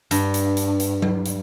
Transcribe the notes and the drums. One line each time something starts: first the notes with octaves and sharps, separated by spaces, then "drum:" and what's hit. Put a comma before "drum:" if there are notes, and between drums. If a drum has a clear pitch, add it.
G2, drum: hi-hat
drum: hi-hat
drum: hi-hat
drum: hi-hat
drum: tom F#3
drum: hi-hat